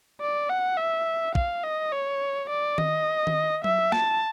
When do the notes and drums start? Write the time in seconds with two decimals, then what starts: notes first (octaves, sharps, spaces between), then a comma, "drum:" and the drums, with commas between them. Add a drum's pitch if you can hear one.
0.21 D5
0.50 F#5
0.77 E5
1.35 F5, drum: kick
1.64 D#5
1.92 C#5
2.49 D5
2.78 D#5, drum: tom D#3
3.27 drum: tom D#3
3.64 E5, drum: tom F#3
3.92 A5, drum: snare